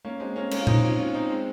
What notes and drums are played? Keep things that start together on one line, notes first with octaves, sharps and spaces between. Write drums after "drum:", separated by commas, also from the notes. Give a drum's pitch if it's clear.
A#3 C#4
G#3 C4
A#3 C#4
A#3 C#4, drum: cymbal
F4
C4 D#4, drum: tom A#2
C#4 F4
C#4 F4
C4 D#4
G#3 C4